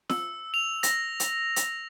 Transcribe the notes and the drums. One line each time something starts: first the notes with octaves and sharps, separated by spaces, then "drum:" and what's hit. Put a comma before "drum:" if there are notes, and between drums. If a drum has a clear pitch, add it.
E6, drum: snare
F7
A#6, drum: hi-hat
drum: hi-hat
drum: hi-hat